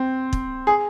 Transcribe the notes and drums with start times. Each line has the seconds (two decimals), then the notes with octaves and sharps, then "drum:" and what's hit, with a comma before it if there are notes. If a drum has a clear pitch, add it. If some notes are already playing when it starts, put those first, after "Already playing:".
Already playing: C4
0.33 drum: kick
0.67 G#4